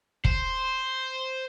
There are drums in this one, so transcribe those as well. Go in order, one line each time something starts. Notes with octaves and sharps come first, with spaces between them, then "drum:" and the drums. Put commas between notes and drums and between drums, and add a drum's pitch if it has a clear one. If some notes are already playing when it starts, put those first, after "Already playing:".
C5, drum: kick